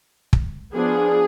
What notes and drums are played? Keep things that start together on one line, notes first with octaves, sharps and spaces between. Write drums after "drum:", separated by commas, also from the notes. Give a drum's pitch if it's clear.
drum: kick
F3 B3 D4 G#4